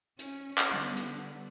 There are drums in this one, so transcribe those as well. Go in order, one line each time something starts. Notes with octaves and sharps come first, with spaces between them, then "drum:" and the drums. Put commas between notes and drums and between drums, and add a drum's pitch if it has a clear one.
C#4, drum: hi-hat
drum: clap
D3 G3 B3
drum: hi-hat